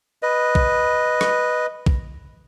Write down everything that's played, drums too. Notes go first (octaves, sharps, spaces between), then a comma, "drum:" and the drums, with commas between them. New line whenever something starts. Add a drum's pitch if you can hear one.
B4 D#5
drum: kick B1
drum: rim click
drum: kick B1